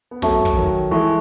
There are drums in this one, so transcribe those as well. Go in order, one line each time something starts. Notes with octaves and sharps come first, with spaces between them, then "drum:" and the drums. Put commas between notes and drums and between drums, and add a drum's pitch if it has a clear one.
B3
F#3 A3 A4 E5 A5 C#6, drum: snare
drum: kick
D#3 F#3
E3 G#3 A4 E5 A5 C#6